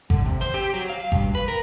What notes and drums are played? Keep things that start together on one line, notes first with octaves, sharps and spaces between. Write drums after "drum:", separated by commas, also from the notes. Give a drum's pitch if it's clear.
D3, drum: kick G#1
C3
C5, drum: hi-hat
G4
F#3
F5
G2, drum: kick G#1
B4
A#4